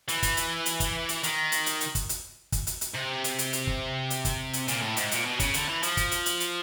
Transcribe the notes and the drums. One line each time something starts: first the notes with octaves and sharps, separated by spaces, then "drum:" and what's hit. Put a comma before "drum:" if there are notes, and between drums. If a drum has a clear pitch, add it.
E3, drum: hi-hat
drum: kick, hi-hat
drum: hi-hat
drum: hi-hat
drum: kick, hi-hat
drum: hi-hat
D#3, drum: hi-hat
drum: hi-hat
drum: hi-hat
drum: hi-hat
drum: kick, hi-hat
drum: hi-hat
drum: kick, hi-hat
drum: hi-hat
drum: hi-hat
C3
drum: hi-hat
drum: hi-hat
drum: hi-hat
drum: kick
drum: hi-hat
drum: kick, hi-hat
drum: hi-hat
A#2, drum: hi-hat
A2
G#2, drum: hi-hat
A#2, drum: hi-hat
B2
C#3, drum: kick, hi-hat
D3, drum: hi-hat
E3
F3, drum: hi-hat
drum: kick, hi-hat
drum: hi-hat
drum: hi-hat
drum: hi-hat